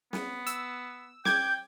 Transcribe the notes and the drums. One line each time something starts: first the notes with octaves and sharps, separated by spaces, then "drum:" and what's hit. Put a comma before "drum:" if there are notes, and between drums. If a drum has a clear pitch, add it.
B3, drum: snare
E6, drum: hi-hat
G5 D6 G6 G#6, drum: snare